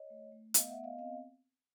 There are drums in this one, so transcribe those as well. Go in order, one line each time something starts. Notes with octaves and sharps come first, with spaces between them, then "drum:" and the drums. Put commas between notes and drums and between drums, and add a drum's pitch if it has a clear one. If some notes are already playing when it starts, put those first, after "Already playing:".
Already playing: C#5 D#5
A3
A3
B3 D#5 F5, drum: hi-hat
E5 F#5
B3
D#5 F5
C4 D#5 F5